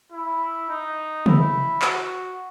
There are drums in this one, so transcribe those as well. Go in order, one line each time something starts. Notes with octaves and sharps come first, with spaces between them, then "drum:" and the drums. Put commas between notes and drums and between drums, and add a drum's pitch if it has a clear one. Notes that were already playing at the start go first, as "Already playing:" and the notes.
E4
D#4
E4, drum: tom
F#4, drum: clap